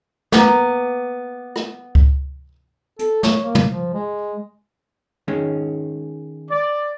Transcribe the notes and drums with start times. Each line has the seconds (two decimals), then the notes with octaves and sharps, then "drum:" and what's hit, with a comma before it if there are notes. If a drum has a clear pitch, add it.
0.32 A#3 B3 A#5, drum: snare
1.56 drum: rim click
1.95 drum: kick C#2
2.99 A4, drum: hi-hat
3.23 C#5, drum: snare
3.45 A#3
3.55 drum: tom
3.70 F3
3.94 G#3
5.28 D#3 G#3 C#4
6.51 D5